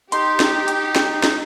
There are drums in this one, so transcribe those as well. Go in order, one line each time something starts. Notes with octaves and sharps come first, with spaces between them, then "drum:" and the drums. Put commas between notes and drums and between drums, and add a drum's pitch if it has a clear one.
D#4 G4 C6, drum: hi-hat
drum: snare
drum: hi-hat
drum: snare
drum: snare